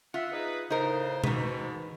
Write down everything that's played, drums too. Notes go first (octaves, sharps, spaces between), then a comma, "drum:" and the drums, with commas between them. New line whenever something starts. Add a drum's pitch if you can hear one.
F4 E5 F#5
D#4 G#4 B4
A2 C#3 D#4 A#4 C5
G#2 B2 D#3 E3 B4, drum: tom B2